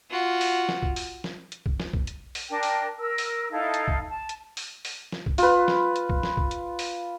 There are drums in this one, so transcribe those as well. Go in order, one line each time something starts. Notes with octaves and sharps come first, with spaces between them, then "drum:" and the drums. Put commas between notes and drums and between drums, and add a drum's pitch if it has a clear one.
F4 F#4
drum: open hi-hat
drum: snare
drum: kick B1
drum: open hi-hat
drum: snare
drum: hi-hat
drum: kick B1
drum: snare
drum: kick B1
drum: hi-hat
drum: open hi-hat
D4 A#4 G5 A5
drum: open hi-hat
A#4 E6
drum: open hi-hat
D#4 E4 A4 F5
drum: hi-hat
drum: kick B1
A5
drum: hi-hat
drum: open hi-hat
drum: open hi-hat
drum: snare
drum: kick B1
F4 B4, drum: open hi-hat
drum: snare
drum: hi-hat
drum: kick B1
drum: snare
drum: kick B1
drum: hi-hat
drum: open hi-hat